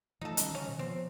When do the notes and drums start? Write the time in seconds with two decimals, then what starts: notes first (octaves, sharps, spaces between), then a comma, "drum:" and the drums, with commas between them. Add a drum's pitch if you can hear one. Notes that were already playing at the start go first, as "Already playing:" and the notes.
0.21 E3 F3 A3 D#4 A4
0.37 D#3 G3 C#4, drum: hi-hat
0.55 D3 C#4
0.67 B2 D#3
0.79 F3 B3 C4